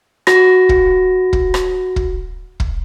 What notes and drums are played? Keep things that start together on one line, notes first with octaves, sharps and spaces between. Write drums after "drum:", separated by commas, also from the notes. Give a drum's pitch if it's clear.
F#4 A#6, drum: rim click
drum: kick
drum: kick
drum: rim click
drum: kick
drum: kick